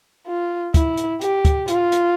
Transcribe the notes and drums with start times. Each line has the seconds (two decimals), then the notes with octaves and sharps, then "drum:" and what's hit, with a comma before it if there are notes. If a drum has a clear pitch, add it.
0.27 F4
0.74 E4, drum: kick, hi-hat
0.97 drum: hi-hat
1.21 G4, drum: hi-hat
1.45 drum: kick, hi-hat
1.68 F4, drum: hi-hat
1.92 drum: hi-hat